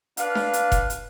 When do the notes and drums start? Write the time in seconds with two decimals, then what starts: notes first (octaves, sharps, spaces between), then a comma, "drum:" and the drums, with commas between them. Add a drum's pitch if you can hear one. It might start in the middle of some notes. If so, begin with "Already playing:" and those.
0.17 D4 B4 F5, drum: hi-hat
0.35 drum: snare D4
0.53 drum: hi-hat
0.72 drum: kick F1, hi-hat
0.90 drum: hi-hat